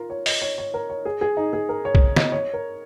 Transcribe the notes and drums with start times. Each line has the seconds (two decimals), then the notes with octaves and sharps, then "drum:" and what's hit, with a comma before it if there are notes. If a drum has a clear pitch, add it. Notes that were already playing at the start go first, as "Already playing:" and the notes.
Already playing: F4 A#4
0.10 C#5
0.26 D#5, drum: open hi-hat
0.42 C#5
0.58 C#5
0.74 A#4
0.90 C#5
1.05 G#4
1.21 G#4
1.37 D#4
1.53 G#4
1.69 A#4
1.85 C#5
1.95 drum: kick B1
2.17 D#5, drum: snare
2.32 C#5
2.54 A#4